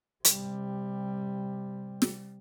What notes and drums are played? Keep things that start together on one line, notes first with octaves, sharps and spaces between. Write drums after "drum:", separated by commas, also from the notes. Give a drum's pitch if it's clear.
C3 G3, drum: hi-hat
drum: snare